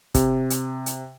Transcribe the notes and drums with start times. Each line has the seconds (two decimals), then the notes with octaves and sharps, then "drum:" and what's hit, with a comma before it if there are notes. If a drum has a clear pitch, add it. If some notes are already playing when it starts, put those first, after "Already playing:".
0.14 C3, drum: kick, hi-hat
0.50 drum: hi-hat
0.86 drum: hi-hat